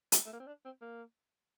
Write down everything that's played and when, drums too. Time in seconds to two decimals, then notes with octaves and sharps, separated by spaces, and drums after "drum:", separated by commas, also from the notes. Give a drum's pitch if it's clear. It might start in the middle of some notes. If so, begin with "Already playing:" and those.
0.12 drum: hi-hat
0.26 A3
0.33 A#3
0.40 C4
0.47 D4
0.65 C4
0.81 A#3